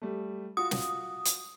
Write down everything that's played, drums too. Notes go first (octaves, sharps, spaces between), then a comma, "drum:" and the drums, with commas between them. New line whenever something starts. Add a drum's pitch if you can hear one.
G3 A3
F4 F#4 D#6
drum: snare
drum: hi-hat